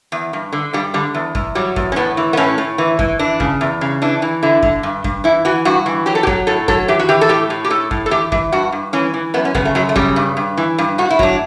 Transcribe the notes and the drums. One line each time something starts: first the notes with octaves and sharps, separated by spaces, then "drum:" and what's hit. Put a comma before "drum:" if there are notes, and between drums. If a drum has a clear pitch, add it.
E2
G2
D3
G2 G3
D3 G3
E2
E2, drum: kick F#2
F#3 G3
E2, drum: kick F#2
C#4
A2 B3
E3
B3
A2 C#4
A2
E3
E3, drum: kick F#2
E3 D4
C#3, drum: kick F#2
E2
C#3
E3 D4
E3
D3 E4
D3, drum: kick F#2
G2
G2, drum: kick F#2
E3 E4
E3 F#4
G2 F#4
E3
F#3 G4
A4
G4
F#3, drum: kick F#2
A2 A4
F#3 A4, drum: kick F#2
E3 G4
F#4
E3 G4
A4
A2 G4
A2
G4
A2 A4
A2, drum: kick F#2
A4
E3 G4
E3, drum: kick F#2
G2 F#4
G2
E3 C#4
E3
F#2 B3
C#4
C#3 B3, drum: kick F#2
A3
F#2 F#3
A3
C#3 G3, drum: kick F#2
G2
G2
E3
G2
A2 F#4
E4
F#3 D4, drum: kick F#2